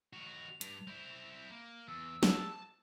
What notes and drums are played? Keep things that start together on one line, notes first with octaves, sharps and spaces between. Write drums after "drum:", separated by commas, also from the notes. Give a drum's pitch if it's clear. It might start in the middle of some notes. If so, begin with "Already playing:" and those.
D#3 F#4 F7
G2, drum: hi-hat
C4 E4
A#3
E2 E6
A5, drum: snare